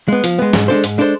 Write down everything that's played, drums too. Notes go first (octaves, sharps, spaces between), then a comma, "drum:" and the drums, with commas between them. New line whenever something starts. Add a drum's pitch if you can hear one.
G#3 B3
F3, drum: hi-hat
G#3 B3
G#2, drum: snare
G#3 D4 A4 C5
G#2, drum: hi-hat
G#3 D4 A4 C5